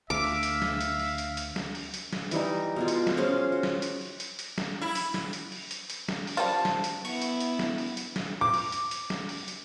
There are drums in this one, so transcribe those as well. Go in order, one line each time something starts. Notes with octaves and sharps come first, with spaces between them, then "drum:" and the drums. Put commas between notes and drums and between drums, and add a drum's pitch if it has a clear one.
D2 E5 F5 D6
drum: open hi-hat
drum: hi-hat
drum: snare
drum: hi-hat
drum: open hi-hat
drum: hi-hat
drum: hi-hat
drum: snare
drum: open hi-hat
drum: hi-hat
drum: snare
E3 G3 D#4, drum: hi-hat
B2 G#3 F4
drum: hi-hat
drum: snare
C#4 G#4 C5 F5
F#4
drum: snare
drum: hi-hat
drum: open hi-hat
drum: hi-hat
drum: hi-hat
drum: snare
E4
drum: hi-hat
drum: snare
drum: hi-hat
drum: open hi-hat
drum: hi-hat
drum: hi-hat
drum: snare
drum: open hi-hat
G3 F4 C5 A5
drum: snare
drum: hi-hat
B3 E4 C#6, drum: open hi-hat
drum: hi-hat
drum: hi-hat
drum: snare
drum: open hi-hat
drum: hi-hat
drum: snare
D6
drum: open hi-hat
drum: hi-hat
drum: hi-hat
drum: snare
drum: open hi-hat
drum: hi-hat